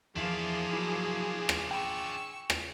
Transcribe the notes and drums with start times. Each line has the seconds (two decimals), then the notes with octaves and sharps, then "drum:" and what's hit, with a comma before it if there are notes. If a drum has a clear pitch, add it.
0.16 E2 F3 A#3 D4 E4 F4 G#4 F5
0.73 F#3 E4
1.49 drum: rim click
1.71 G5 C#6 E6
2.50 drum: rim click